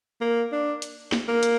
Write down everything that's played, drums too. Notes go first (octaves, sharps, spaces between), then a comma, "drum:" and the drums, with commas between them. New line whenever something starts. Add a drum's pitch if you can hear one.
A#3
D4
drum: hi-hat
drum: snare
A#3
drum: hi-hat